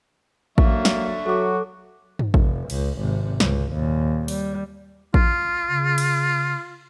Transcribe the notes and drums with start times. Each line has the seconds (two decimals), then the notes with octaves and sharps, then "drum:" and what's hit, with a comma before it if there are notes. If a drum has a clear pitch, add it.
0.58 D3 F#3 A#3 E5 C#6, drum: kick A1
0.85 drum: snare
1.26 F#3 F#4 A4 D6
2.19 drum: tom G2
2.34 F1, drum: kick A1
2.70 C#2, drum: cymbal
2.99 G#1 C3
3.40 C#2, drum: snare
3.72 D#2 A#2
4.28 G3, drum: open hi-hat
5.14 F4, drum: kick A1
5.69 C#3
5.98 drum: cymbal